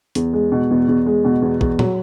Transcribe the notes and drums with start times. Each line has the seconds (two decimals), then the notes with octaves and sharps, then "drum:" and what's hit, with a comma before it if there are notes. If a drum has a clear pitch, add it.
0.15 E2, drum: hi-hat
0.33 G#3
0.52 B2
0.71 E2
0.88 E2
1.06 G#3
1.25 B2
1.42 E2
1.61 E2, drum: kick
1.79 F#3, drum: tom A#2